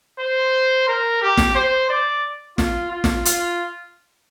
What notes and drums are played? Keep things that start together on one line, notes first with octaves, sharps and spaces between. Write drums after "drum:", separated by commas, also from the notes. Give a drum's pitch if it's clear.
C5
A#4
G4
drum: snare
C5
D5
F4, drum: snare
F4
drum: snare
F4, drum: hi-hat